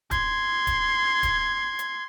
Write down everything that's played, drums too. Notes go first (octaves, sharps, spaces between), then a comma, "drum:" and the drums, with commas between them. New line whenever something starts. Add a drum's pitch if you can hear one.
C6 G#6, drum: kick D1, hi-hat
drum: kick D1, hi-hat
drum: kick D1, hi-hat
drum: hi-hat